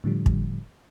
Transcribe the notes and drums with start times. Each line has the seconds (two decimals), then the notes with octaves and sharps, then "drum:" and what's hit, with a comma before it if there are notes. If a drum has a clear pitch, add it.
0.04 A2 D3 F3 G3
0.26 drum: kick